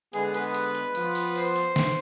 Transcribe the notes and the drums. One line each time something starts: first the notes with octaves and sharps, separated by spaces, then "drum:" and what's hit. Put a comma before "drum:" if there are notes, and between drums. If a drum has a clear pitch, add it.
D3 G#3 B3 G#4, drum: hi-hat
B4, drum: hi-hat
drum: hi-hat
drum: hi-hat
F3 B3 F4, drum: hi-hat
drum: open hi-hat
C5, drum: open hi-hat
drum: hi-hat
drum: snare